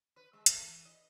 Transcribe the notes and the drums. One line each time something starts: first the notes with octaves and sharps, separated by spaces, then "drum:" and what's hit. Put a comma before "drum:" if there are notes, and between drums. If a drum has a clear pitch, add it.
B4
G#3
A3, drum: hi-hat
E3
D#5